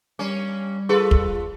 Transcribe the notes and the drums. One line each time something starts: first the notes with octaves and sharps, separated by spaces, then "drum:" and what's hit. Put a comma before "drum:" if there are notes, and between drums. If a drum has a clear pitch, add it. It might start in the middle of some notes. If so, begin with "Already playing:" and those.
G3 A#3 C#4
F4 G#4 A4 B4 C6
drum: kick